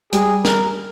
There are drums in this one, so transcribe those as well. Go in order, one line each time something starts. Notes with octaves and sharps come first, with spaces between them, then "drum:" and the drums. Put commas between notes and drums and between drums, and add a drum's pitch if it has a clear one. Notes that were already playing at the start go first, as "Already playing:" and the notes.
G3 G#4, drum: hi-hat
A#4, drum: snare